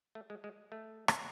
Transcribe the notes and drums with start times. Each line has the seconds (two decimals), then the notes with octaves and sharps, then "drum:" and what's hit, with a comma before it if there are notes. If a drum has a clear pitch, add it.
0.15 A3
0.30 G#3
0.44 G#3
0.72 A3
1.08 drum: rim click